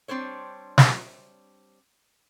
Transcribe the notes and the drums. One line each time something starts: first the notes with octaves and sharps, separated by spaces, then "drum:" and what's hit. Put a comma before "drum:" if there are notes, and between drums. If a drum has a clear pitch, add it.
G3 C4 D4 C5 C#5
drum: snare